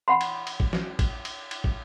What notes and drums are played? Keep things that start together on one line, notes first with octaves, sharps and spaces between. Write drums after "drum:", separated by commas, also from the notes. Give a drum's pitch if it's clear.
F#5 B5 C6
drum: cymbal
drum: cymbal
drum: kick
drum: snare
drum: kick, cymbal
drum: cymbal
drum: cymbal
drum: kick